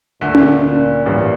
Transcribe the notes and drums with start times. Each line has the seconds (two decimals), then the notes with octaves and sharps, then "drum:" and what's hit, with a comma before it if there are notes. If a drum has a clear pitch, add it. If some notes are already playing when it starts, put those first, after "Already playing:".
0.21 D2 A#2 D3 A3
0.35 drum: tom C#4
0.63 A#2
1.05 A1 G2 A#2 E3